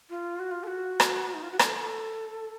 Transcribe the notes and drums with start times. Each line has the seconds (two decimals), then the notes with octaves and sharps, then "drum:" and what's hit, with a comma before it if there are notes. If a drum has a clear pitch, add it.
0.10 F4
0.39 F#4
0.51 F4
0.63 A4
0.67 F#4
1.00 drum: rim click
1.34 D#4
1.43 F4
1.51 F#4
1.59 A4, drum: rim click